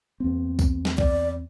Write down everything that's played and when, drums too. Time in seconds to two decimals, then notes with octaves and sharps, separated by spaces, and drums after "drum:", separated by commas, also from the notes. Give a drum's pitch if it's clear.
0.20 E2 A#3 C4
0.59 drum: kick C2, tambourine
0.85 drum: snare
0.98 D5, drum: kick C2